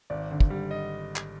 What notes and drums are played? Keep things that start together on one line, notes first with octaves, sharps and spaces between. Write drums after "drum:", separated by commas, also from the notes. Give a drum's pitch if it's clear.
G#1 D5
D3
drum: kick
G3
D#5
drum: clap